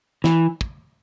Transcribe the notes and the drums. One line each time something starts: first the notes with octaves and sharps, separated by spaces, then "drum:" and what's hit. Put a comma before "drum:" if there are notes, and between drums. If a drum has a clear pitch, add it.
E3, drum: snare
drum: kick